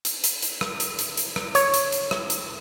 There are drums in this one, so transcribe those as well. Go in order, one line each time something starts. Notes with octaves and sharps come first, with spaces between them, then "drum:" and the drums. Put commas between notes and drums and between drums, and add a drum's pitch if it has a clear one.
drum: hi-hat
drum: hi-hat
drum: hi-hat
drum: rim click
drum: hi-hat
drum: hi-hat
drum: hi-hat
drum: rim click
C#5, drum: hi-hat
drum: hi-hat
drum: hi-hat
drum: rim click
drum: hi-hat